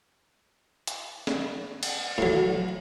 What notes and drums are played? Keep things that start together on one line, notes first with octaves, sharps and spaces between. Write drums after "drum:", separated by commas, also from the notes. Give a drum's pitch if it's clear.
drum: hi-hat
drum: snare
drum: cymbal
A2 F#3